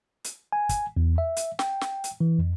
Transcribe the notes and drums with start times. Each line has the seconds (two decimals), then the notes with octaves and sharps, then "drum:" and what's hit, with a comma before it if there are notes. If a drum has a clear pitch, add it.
0.24 drum: hi-hat
0.52 G#5
0.69 drum: kick, hi-hat
0.97 E2
1.18 E5
1.37 drum: hi-hat
1.59 G5, drum: snare
1.81 drum: snare
2.04 drum: hi-hat
2.21 E3
2.39 F2